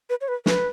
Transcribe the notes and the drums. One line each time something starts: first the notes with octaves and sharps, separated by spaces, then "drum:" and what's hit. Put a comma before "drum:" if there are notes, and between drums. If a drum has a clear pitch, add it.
B4
C#5
B4
B4, drum: snare